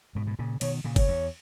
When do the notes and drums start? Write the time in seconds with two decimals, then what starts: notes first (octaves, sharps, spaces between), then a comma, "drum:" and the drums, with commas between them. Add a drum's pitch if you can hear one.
0.15 G#2 B2
0.27 B2
0.39 A#2 C#3
0.61 B2 D#3 C#5, drum: cymbal
0.84 A#2 C#3
0.96 C#5, drum: kick G1, cymbal
1.08 E2